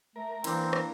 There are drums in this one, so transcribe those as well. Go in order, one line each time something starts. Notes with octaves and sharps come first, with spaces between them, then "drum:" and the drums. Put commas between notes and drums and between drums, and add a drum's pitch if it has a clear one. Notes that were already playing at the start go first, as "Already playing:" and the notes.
A3 A#4
E3 A#3 C4 D4 E4, drum: cymbal
drum: rim click